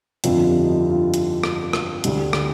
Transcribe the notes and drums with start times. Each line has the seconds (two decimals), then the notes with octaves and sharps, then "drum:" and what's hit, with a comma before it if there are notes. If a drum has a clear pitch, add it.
0.24 G1 F2 D3 F3 F4, drum: hi-hat
0.46 G4
0.64 D#4
0.69 F4
0.91 F4
1.14 drum: hi-hat
1.44 drum: rim click
1.73 drum: rim click
2.04 D2 D3 G3, drum: hi-hat
2.33 drum: rim click